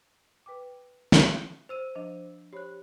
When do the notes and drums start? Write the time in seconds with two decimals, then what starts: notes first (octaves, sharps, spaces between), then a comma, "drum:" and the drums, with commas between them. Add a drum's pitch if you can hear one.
0.46 B4 G5 D6
1.12 drum: snare
1.69 C5 E6 D#7
1.95 F3 D4 D#5
2.53 G4 C5 C#5 B5 F#6